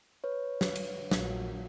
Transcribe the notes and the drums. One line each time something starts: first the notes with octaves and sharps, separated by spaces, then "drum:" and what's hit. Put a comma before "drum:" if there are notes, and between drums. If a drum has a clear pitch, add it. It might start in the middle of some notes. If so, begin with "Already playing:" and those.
B4 C#5
drum: snare
drum: cymbal
A#1 F#3, drum: snare